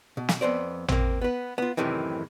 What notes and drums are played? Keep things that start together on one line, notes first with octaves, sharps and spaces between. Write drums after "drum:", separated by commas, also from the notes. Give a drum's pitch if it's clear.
B2
drum: snare
F2 B3 C5 D5
A#3 C4, drum: tom A1
B3 B4
B3 F4
F#2 A2 C3 D#3 E3